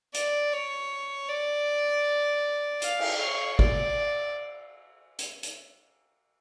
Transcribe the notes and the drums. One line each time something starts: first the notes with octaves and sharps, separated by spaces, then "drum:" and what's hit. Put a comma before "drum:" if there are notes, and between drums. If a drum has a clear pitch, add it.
D5, drum: hi-hat
C#5
D5
F5, drum: hi-hat
drum: cymbal
C#5
D5, drum: kick G#1
drum: hi-hat
drum: hi-hat